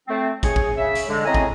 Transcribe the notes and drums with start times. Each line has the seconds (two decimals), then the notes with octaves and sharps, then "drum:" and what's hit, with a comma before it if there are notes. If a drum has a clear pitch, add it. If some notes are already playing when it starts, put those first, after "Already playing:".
0.08 A3 C4
0.43 G#4 C#5, drum: kick, hi-hat
0.56 drum: kick
0.77 C#3 E5
0.95 drum: hi-hat
1.08 D3 G#3
1.25 A2 C#3 C4 D#5 G#5 A#5
1.35 drum: kick